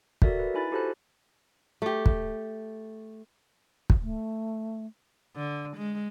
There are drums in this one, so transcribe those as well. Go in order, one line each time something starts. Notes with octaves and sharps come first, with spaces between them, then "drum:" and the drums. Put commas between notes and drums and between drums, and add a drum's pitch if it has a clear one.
F#4 A4 A#4 D5 E5, drum: kick
B4
D#4 E4 G#5 B5 F#6 A6
F#4 G4 A4 C5 A5 F#6
A3 G4
drum: kick
drum: kick
A3
D3
G#3